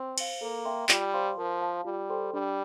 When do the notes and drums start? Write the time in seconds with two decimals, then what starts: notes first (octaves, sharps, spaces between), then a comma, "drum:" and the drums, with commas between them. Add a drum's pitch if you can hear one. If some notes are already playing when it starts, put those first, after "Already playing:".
Already playing: C4
0.18 C5 F5, drum: cymbal
0.41 A#3 A4
0.65 E5 G5 C6
0.89 G3 F4, drum: clap
1.14 C5 F5 C6
1.37 F3 A#4
1.61 F5 A5
1.85 G3 F4
2.10 A4 C5 G5 C6
2.33 G3 D4